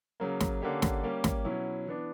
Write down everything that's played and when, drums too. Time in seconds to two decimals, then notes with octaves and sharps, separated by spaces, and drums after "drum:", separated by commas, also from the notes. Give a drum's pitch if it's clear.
0.20 C#3 F#3 A#3
0.40 drum: snare
0.62 D3 A#3 C#4 G4
0.82 drum: snare
1.03 G3 A#3 C#4 G4
1.24 drum: snare
1.44 B2 F#3 C#4 E4
1.86 E3 B3 D4